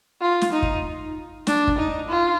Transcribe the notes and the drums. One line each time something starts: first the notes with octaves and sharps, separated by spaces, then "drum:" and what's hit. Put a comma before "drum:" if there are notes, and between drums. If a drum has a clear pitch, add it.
F4
drum: snare
D#4
drum: kick
D4, drum: snare
drum: kick
D#4
F4